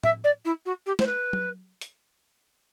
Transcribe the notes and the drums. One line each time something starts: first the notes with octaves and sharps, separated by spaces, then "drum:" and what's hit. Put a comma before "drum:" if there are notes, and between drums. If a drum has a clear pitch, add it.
E5, drum: tom A2
D5
E4
F#4
G4
C5, drum: snare
B4
drum: tom F#3
drum: hi-hat